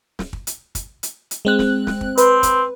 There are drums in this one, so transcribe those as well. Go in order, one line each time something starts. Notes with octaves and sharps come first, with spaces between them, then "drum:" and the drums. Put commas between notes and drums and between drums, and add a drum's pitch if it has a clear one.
drum: snare
drum: kick
drum: hi-hat
drum: kick, hi-hat
drum: hi-hat
drum: hi-hat
G#3 C4 F#6
drum: snare
drum: snare
drum: kick
C4 B4, drum: hi-hat
drum: kick, hi-hat